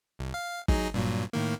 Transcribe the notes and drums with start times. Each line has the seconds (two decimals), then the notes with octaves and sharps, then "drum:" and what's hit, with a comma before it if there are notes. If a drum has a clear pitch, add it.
0.19 C2
0.34 F5
0.68 F#3 D#4 G#4, drum: kick
0.94 G2 A#2 F#3
1.33 A2 D#3 A#3